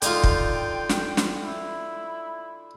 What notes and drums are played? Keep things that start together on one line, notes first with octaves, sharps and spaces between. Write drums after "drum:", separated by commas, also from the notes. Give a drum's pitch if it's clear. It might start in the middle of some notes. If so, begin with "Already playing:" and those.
D3 D#4 F4 G5, drum: hi-hat
drum: kick
drum: snare
drum: snare
E4